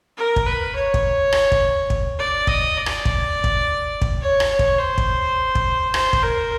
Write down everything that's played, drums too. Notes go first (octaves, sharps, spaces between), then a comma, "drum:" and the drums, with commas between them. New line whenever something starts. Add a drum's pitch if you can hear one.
A#4
drum: kick
B4
C#5
drum: kick
drum: rim click
drum: kick
drum: kick
D5
D#5, drum: kick
D5
drum: rim click
drum: kick
drum: kick
drum: kick
C#5
drum: rim click
C#5
drum: kick
C5
drum: kick
drum: kick
C5, drum: rim click
drum: kick
A#4